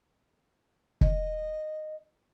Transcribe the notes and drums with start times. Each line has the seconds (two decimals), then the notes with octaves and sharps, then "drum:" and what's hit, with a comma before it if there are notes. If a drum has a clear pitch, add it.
1.01 D#5, drum: kick